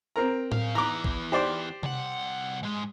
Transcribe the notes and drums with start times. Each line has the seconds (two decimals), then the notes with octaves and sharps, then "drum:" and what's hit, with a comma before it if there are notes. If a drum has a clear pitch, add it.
0.16 C4 A#4 A#5
0.52 C#3 F5, drum: tom A2
0.75 E3 B3 A#5 D6
1.04 drum: kick A#1
1.32 G4 C5 D5
1.83 C2 F#5, drum: tom C3
2.63 G#2 G#3